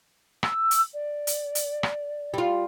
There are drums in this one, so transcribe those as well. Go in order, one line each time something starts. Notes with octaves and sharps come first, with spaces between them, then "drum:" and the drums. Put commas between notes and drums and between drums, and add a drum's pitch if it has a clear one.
E6, drum: rim click
drum: hi-hat
D5
drum: hi-hat
drum: hi-hat
drum: rim click
G3 F4